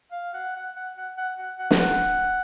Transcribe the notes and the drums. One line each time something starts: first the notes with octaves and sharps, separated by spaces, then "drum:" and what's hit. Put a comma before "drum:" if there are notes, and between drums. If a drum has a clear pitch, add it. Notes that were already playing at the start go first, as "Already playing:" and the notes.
F5
F#5
F#5
F#5
F#5
F#5
F#5
F#5
drum: snare
F#5